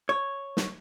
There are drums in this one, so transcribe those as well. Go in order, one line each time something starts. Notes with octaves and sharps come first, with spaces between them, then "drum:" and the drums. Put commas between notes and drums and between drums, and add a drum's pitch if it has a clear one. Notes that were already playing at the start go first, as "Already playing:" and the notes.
C#5
drum: snare